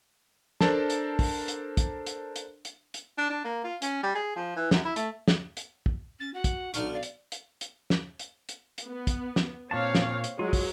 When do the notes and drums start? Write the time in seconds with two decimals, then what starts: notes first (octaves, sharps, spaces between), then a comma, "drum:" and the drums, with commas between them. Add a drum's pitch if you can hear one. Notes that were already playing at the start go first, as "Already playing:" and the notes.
0.61 D4 A4 A#4 C5 A5, drum: snare
0.90 drum: hi-hat
1.19 drum: kick, open hi-hat
1.48 drum: hi-hat
1.77 drum: kick, hi-hat
2.06 drum: hi-hat
2.36 drum: hi-hat
2.65 drum: hi-hat
2.94 drum: hi-hat
3.18 D4
3.30 D4
3.45 A#3
3.64 F4
3.82 C#4, drum: hi-hat
4.03 G3
4.15 G#4
4.36 F3
4.56 E3
4.71 F#2, drum: snare
4.85 E4
4.96 A3, drum: hi-hat
5.28 drum: snare
5.57 drum: hi-hat
5.86 drum: kick
6.20 C#4 A6
6.34 F#4 F#5
6.44 drum: kick, hi-hat
6.74 B1 D3 D#4 C#6 F6, drum: hi-hat
6.93 D5 F5
7.03 drum: hi-hat
7.32 drum: hi-hat
7.61 drum: hi-hat
7.90 drum: snare
8.19 drum: hi-hat
8.49 drum: hi-hat
8.78 drum: hi-hat
8.88 B3
9.07 drum: kick, hi-hat
9.36 drum: snare
9.71 A#2 C4 D4 C#5 F5 A5
9.95 drum: snare
10.24 drum: hi-hat
10.39 F#3 G#3 F4
10.53 drum: kick, open hi-hat